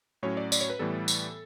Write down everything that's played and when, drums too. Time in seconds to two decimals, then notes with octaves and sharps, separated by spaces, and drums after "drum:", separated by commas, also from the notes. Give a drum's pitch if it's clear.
0.23 A2 F#3 C#4 C#5
0.37 D5
0.52 D5, drum: tambourine
0.61 C#5
0.70 B4
0.79 A2 E3 G3 B3 A4
1.08 drum: tambourine